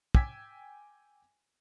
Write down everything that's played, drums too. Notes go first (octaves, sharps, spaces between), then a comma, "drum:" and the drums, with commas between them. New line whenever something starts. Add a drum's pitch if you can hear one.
G5 G#5 D6 E6 G#6 B6, drum: kick